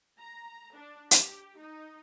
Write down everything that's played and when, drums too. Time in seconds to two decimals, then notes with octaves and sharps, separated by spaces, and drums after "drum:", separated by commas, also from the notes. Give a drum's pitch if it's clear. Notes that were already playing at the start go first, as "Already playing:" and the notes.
0.20 A#5
0.77 D4
1.11 G4, drum: hi-hat
1.59 D#4